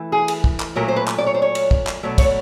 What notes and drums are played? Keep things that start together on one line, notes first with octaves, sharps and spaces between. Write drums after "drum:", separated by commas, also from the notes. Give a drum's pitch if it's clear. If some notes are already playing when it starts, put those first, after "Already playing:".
Already playing: E3 A3
G#4
drum: cymbal
drum: kick
drum: clap
A#2 F#3 A3 A#4
C5
B4
drum: clap
D5
C#5
C5
C#5
drum: cymbal
drum: kick
drum: clap
B2 F#3 A3 D5
C#5, drum: kick, cymbal